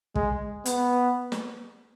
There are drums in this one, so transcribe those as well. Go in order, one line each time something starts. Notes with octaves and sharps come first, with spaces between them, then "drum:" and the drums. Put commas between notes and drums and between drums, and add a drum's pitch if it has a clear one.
G#3, drum: kick
B3, drum: hi-hat
drum: snare